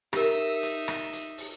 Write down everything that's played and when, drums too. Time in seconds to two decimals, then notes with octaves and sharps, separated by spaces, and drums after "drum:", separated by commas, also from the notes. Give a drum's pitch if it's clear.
0.13 D#4 G4 A#4 E5, drum: rim click
0.63 drum: hi-hat
0.88 drum: rim click
1.13 drum: hi-hat
1.38 drum: open hi-hat